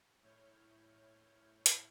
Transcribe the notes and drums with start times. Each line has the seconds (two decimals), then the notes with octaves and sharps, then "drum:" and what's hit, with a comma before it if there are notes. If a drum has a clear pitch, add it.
0.23 A2 E4 C#5 F6 G6
1.66 drum: hi-hat